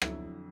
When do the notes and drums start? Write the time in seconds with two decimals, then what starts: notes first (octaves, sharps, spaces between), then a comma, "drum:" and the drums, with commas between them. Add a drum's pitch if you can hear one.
0.02 F2 D3 F#3 E4, drum: rim click